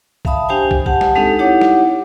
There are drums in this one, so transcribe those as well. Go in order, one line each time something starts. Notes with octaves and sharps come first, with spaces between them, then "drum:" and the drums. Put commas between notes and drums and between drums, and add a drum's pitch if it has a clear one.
E5 F5 A5 B5 D#6, drum: kick
D4 G4 C5 G5 G#5
drum: kick
G4 F#5 A5, drum: kick
drum: snare
G#3 C4 D4 D#4 G4 A4
D#4 E4 G4 C#5 F#5 D6
drum: snare